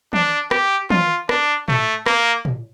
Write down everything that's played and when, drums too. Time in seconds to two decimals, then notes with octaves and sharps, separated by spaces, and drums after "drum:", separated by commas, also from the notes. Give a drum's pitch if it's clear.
0.13 D4, drum: tom
0.51 G4, drum: rim click
0.90 F4, drum: tom
1.29 D4, drum: rim click
1.68 A3, drum: tom
2.06 A#3, drum: rim click
2.45 drum: tom